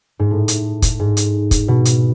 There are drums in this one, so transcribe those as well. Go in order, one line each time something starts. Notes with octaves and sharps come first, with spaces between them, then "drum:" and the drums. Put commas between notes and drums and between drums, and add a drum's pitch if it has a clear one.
G#2
A2
drum: hi-hat
drum: kick, hi-hat
G#2
drum: hi-hat
drum: kick, hi-hat
B2
drum: hi-hat